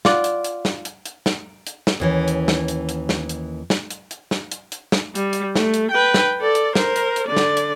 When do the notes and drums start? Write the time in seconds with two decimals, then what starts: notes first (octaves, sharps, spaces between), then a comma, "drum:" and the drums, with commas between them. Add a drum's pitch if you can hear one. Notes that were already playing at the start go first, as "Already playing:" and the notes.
0.05 F4 D5 F#5, drum: snare
0.24 drum: hi-hat
0.44 drum: hi-hat
0.65 drum: snare
0.85 drum: hi-hat
1.06 drum: hi-hat
1.26 drum: snare
1.67 drum: hi-hat
1.87 drum: snare
2.00 D#2 E3 C#4
2.28 drum: hi-hat
2.48 drum: snare
2.68 drum: hi-hat
2.89 drum: hi-hat
3.09 drum: snare
3.29 drum: hi-hat
3.70 drum: snare
3.90 drum: hi-hat
4.11 drum: hi-hat
4.31 drum: snare
4.52 drum: hi-hat
4.72 drum: hi-hat
4.92 drum: snare
5.15 G3, drum: hi-hat
5.33 drum: hi-hat
5.55 A3, drum: snare
5.74 drum: hi-hat
5.91 B4 G5
6.14 drum: snare
6.41 A4 D5
6.55 drum: hi-hat
6.75 A#4 C5, drum: snare
6.96 drum: hi-hat
7.16 drum: hi-hat
7.27 D3 D5
7.37 drum: snare
7.57 drum: hi-hat